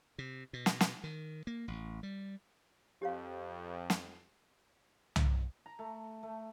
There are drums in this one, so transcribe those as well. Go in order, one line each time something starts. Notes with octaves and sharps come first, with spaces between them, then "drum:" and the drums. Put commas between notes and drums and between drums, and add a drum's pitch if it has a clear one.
C3
B2
drum: snare
drum: snare
D#3
A#3
A1
G3
F2 G4 C#5 F5
drum: snare
drum: tom C2
A#5
A3
A3